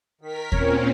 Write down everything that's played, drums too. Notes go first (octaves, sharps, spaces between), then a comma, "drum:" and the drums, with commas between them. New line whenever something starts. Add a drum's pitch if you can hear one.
D#3 A#4 B6
A#2 C4 C#4 A#4 C#5, drum: kick D#2